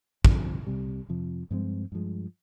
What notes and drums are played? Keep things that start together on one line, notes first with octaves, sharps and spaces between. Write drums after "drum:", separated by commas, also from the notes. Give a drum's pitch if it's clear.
G2 D3 F3 C4, drum: kick
C2 C3 G3
F2 C3 F3
G2 F3 G#3 C4
G2 F3 G#3